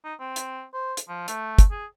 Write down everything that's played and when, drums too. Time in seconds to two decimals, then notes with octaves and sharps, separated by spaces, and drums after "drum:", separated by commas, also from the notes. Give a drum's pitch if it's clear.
0.04 D#4
0.20 C4
0.36 drum: hi-hat
0.73 C5
0.97 drum: hi-hat
1.08 F3
1.28 A3, drum: hi-hat
1.58 drum: kick, hi-hat
1.71 G#4